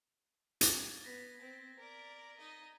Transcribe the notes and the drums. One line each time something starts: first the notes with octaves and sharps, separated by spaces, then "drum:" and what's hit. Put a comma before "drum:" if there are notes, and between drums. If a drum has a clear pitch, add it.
G#6 A6, drum: hi-hat
B3 A#6 B6
C4
A#4 D5
D#4 D#5